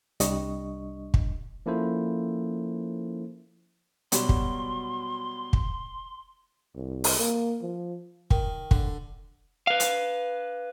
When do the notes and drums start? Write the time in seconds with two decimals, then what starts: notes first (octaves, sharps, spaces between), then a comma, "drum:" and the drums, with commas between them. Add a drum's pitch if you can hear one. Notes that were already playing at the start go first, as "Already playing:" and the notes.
0.20 C2 G3 D4 D#5 C#6, drum: hi-hat
1.14 drum: kick
1.66 F3 A#3 C#4 E4 A4 C5
4.12 B2 F#3 G3 C6, drum: hi-hat
4.29 drum: kick
5.53 drum: kick
6.76 C2
7.04 drum: open hi-hat
7.19 A#3
7.61 F3
8.31 D#3, drum: kick
8.71 D3, drum: kick
9.67 B4 F5
9.80 drum: hi-hat